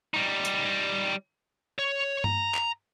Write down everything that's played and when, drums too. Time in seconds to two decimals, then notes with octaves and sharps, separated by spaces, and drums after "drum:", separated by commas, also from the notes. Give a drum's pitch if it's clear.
0.14 G3 D#4
0.45 drum: hi-hat
1.79 C#5
2.24 A#5, drum: tom G2
2.54 drum: clap